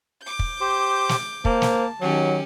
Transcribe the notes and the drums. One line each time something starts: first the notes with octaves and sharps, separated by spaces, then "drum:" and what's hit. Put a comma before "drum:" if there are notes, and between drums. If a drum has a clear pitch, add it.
D6 G6
drum: kick
G4 C5
drum: snare
A#3 C5 A5, drum: kick
drum: snare
D#3 F#3 C#4 G4